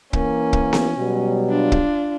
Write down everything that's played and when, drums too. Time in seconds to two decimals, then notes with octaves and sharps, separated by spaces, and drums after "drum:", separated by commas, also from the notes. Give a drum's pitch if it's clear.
0.13 E3 A#3 C#4, drum: kick
0.53 drum: kick
0.73 drum: snare B3
0.97 B2 F#3 G3
1.50 D4 F4
1.72 drum: kick